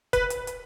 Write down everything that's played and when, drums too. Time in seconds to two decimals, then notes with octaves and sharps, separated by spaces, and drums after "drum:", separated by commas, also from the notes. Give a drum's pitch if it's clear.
0.13 B4, drum: kick F1, hi-hat
0.30 drum: hi-hat
0.47 drum: hi-hat